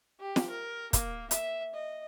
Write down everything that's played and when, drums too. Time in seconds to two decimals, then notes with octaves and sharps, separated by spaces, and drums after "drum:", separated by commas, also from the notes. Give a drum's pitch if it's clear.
0.20 G4
0.36 drum: snare
0.50 A#4
0.93 A#3, drum: kick, hi-hat
1.31 E5, drum: hi-hat
1.74 D#5